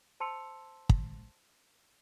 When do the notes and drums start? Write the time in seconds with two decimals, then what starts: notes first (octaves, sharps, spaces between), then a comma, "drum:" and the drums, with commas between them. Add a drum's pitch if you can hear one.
0.20 C5 A5 C6 E6 C#7 F7
0.89 drum: kick